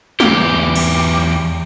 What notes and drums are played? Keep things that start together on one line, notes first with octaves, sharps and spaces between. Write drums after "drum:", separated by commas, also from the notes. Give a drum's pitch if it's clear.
E2 G4, drum: snare
drum: cymbal